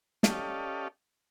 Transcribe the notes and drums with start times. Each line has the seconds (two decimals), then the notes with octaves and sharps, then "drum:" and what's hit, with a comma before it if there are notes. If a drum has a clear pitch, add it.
0.23 C#4 G4 A4 D5 D#5 F5, drum: snare